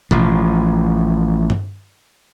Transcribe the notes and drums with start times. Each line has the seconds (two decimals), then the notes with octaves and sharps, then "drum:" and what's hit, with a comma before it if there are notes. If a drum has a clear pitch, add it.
0.11 A1 F3, drum: tom B2
1.50 drum: tom G2